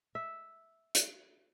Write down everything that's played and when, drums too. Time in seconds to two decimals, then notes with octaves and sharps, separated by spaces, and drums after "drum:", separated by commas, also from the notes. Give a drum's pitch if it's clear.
0.15 E5
0.95 drum: hi-hat